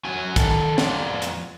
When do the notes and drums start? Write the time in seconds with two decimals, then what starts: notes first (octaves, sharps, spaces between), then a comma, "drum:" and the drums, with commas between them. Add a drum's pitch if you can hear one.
0.05 F#2 F#4 G#5
0.36 D#3 A4, drum: kick, hi-hat
0.78 F2 F4 D5 F#5, drum: snare
1.22 drum: hi-hat